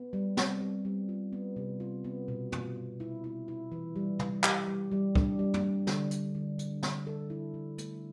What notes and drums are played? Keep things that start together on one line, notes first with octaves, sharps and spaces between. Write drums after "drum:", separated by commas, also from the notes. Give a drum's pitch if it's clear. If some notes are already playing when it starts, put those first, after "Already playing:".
Already playing: B3
G3
C4, drum: snare
G3
G3
F4
B3
C3
F4
B3
B2
F4, drum: tom
B3
E4
E4
E4
E3
G3
G3, drum: tom
G4, drum: clap
G3
G3
D4, drum: kick
G3
drum: tom
G3
D3, drum: snare
G3, drum: hi-hat
D3
D3, drum: hi-hat
D3, drum: snare
A4
E4
D3
A3, drum: hi-hat